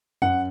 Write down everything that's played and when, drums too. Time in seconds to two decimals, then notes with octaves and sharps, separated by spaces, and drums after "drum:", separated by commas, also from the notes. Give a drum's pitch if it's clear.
0.22 F#2 F#5, drum: tom F2